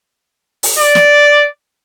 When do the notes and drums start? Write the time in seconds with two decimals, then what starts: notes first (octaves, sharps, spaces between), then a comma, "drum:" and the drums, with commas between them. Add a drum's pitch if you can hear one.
0.63 drum: open hi-hat
0.79 D5
0.95 drum: snare